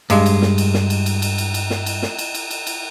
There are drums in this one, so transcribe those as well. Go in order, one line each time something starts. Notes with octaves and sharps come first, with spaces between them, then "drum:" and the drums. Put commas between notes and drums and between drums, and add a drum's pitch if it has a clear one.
G2 G#3, drum: cymbal
drum: cymbal
drum: snare
drum: cymbal
drum: snare
drum: cymbal
drum: cymbal
drum: cymbal
drum: cymbal
drum: cymbal
drum: snare
drum: cymbal
drum: snare
drum: cymbal
drum: cymbal
drum: cymbal
drum: cymbal